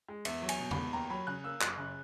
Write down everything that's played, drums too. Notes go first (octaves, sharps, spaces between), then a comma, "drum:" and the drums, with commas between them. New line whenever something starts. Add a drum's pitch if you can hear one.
G#3
E2 E5, drum: cymbal
F#3
G#5, drum: cymbal
B2
B5, drum: tom E2
E2
D#2 A#5
F#3 B5
C#3 F#6
A#3 E6
F#1 F#6, drum: clap
C#3